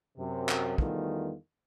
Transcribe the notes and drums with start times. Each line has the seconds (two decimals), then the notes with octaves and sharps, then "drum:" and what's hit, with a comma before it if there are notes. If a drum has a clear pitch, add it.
0.18 F#2 C3
0.49 drum: clap
0.78 E2 D#3 G3 A3 B3 F4, drum: kick